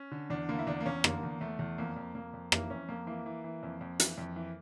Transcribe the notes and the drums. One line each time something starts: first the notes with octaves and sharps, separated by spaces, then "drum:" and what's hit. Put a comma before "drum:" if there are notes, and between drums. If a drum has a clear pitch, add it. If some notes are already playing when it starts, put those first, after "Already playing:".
Already playing: C#4
D3
E2 D4
D3 A#3
E4
E2 D4
A#3
E2 C#4
D3 A#3, drum: rim click
E2
E2 A3
E2
F2 A#3
F2
F2 A#3
F2
E3 A#3, drum: rim click
F2 C#4
F2 A#3
E3 A#3
E3
E3
F2
F2
E3, drum: hi-hat
F2
E3